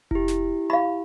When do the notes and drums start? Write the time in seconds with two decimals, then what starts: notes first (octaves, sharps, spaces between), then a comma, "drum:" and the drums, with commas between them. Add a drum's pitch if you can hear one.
0.11 E4 G4, drum: kick F1
0.28 drum: snare
0.70 F5 B5